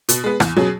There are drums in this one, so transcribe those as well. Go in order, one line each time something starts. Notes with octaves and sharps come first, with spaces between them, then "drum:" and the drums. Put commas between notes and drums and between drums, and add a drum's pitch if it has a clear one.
B2, drum: hi-hat
G#3 B3
E2, drum: rim click
B2 F#3 C#4 G#4